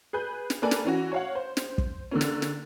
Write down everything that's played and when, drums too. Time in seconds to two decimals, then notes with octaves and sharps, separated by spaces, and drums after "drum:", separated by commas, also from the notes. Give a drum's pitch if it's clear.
0.13 G#4 B4 G6
0.50 drum: snare
0.62 A#3 A4 B4 D5 G#5
0.71 drum: snare
0.85 E3 C#4 F#4
1.12 C#5 F5 F#5
1.35 C5
1.57 drum: snare
1.78 drum: kick
2.11 D3 A#3 C#4
2.21 drum: snare
2.42 drum: snare